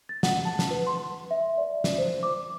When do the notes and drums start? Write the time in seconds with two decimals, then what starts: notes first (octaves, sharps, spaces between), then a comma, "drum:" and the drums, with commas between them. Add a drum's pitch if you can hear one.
0.09 A6
0.23 F#5, drum: snare
0.45 A5
0.59 drum: snare
0.71 B4
0.87 C6
1.31 E5
1.58 D5
1.84 drum: snare
1.98 C5
2.23 D6